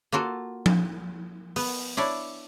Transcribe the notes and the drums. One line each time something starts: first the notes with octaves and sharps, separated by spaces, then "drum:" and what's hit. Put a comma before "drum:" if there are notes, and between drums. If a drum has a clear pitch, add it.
A#3 F4 F#4 A4
drum: tom F3
B3, drum: open hi-hat
D4 E4 C#5 D5